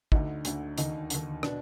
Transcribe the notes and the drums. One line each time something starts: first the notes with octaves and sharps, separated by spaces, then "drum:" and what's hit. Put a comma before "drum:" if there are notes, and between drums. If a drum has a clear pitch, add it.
D2 D3 D#4, drum: kick
D2 D3, drum: hi-hat
D#2 D3 D#4, drum: hi-hat
D#2 D3, drum: hi-hat
B2 D4, drum: rim click